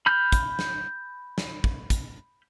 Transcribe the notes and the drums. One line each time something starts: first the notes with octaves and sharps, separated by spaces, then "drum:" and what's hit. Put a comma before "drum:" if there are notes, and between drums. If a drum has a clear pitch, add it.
B5 F6 G6
drum: kick, hi-hat
drum: snare
drum: snare
drum: kick
drum: kick, hi-hat